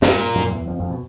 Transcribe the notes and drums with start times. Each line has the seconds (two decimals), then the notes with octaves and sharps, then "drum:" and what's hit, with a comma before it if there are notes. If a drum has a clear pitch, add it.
0.02 G2 A#2 G3, drum: snare
0.35 F#2 F#3
0.51 E2 E3
0.68 F2 F3
0.79 F2 F3
0.90 B2